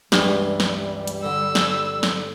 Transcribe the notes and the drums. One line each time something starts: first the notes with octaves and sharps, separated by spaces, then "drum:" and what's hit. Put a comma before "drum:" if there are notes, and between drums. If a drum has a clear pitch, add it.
C#2 G2 E3 G3 C6, drum: snare
drum: snare
drum: hi-hat
D3 E6
drum: snare
drum: snare